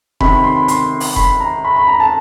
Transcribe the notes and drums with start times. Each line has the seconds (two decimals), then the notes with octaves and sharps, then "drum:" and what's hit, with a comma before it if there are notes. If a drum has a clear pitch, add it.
0.20 C3 D#3 B5, drum: kick F1
0.33 B5
0.44 C6
0.57 B5
0.68 C6, drum: hi-hat
1.00 drum: open hi-hat
1.16 B5, drum: kick F1
1.40 A#5
1.65 B5
1.76 B5
1.88 A#5
2.00 A5